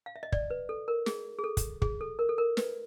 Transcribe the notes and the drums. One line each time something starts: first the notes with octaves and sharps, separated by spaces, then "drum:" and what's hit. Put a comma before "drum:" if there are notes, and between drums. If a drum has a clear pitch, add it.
F5
E5
D#5
D5, drum: kick
B4
A4
A#4
G#4, drum: snare
G#4
A4
drum: kick, hi-hat
G#4, drum: kick
A4
A#4
A4
A#4
B4, drum: snare